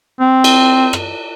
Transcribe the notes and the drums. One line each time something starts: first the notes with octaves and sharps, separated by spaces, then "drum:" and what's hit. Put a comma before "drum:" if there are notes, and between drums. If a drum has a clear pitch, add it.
C4
drum: cymbal
drum: rim click